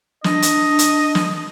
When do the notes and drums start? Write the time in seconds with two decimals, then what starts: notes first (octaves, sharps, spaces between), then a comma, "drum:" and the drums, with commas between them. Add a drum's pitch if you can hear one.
0.24 D4 D#5, drum: snare
0.42 drum: hi-hat
0.79 drum: hi-hat
1.15 drum: snare